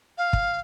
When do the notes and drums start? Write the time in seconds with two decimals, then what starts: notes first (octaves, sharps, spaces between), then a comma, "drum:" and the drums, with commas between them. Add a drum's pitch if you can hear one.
0.18 F5
0.33 drum: kick